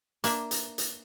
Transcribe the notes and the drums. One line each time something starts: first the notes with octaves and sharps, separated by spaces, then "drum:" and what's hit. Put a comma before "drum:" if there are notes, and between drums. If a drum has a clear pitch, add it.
A#3 D4 E5, drum: hi-hat
drum: hi-hat
drum: hi-hat